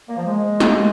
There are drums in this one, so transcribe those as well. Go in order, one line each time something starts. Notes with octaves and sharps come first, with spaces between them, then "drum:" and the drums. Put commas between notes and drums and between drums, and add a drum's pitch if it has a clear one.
A#3
F3
G#3
drum: snare